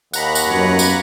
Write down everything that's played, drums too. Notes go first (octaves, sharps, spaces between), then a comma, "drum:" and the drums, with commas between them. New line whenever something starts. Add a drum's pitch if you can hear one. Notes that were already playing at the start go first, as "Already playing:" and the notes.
D#2 F#5 A#5 B5, drum: tambourine
drum: tambourine
F#2 B3 C#5
drum: tambourine